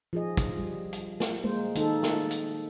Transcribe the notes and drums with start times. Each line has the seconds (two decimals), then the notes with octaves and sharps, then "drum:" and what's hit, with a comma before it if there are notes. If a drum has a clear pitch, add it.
0.13 F3 G#4 D#5
0.37 drum: kick, hi-hat
0.57 G3
0.93 drum: hi-hat
1.20 drum: snare
1.44 G#3 A#3 C5
1.75 D#3 D#4 A4, drum: hi-hat
2.03 drum: snare
2.31 drum: hi-hat